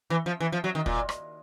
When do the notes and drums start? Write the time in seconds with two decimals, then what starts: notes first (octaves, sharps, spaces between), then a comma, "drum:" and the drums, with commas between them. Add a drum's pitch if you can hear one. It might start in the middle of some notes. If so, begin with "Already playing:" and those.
0.10 E3
0.26 F3
0.40 E3
0.52 F3
0.64 F#3
0.75 D#3
0.86 A#2, drum: kick
1.09 drum: rim click